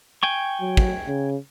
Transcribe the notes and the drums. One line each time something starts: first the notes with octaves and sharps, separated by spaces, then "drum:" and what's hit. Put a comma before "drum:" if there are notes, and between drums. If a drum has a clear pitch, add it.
G5 G#5 C#6
F#3
drum: kick
C#3